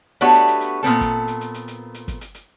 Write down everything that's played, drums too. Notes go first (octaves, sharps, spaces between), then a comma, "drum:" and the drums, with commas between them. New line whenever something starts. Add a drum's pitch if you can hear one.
A3 B3 D4 F#4 G4 C#5, drum: hi-hat
drum: hi-hat
drum: hi-hat
drum: hi-hat
A#2 B3 C4 A4
drum: kick, hi-hat
drum: hi-hat
drum: hi-hat
drum: hi-hat
drum: hi-hat
drum: hi-hat
drum: kick, hi-hat
drum: hi-hat
drum: hi-hat